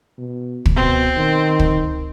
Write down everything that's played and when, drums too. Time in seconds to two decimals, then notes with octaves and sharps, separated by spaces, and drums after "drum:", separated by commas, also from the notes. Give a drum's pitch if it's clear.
0.19 B2
0.65 drum: kick
0.76 B2 C4
1.17 D#3
1.59 drum: kick